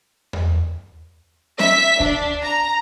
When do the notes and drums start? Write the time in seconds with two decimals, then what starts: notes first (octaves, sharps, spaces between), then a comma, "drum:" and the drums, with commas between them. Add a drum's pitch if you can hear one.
0.33 drum: tom E2
1.59 E5 B6, drum: snare C#4
2.00 D4, drum: kick D2
2.43 A#5